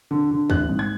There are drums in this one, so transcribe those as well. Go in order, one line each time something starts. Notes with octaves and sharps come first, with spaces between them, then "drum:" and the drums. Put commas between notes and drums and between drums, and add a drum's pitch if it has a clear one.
D3
D3
A1 F#6, drum: kick
G#2
G#6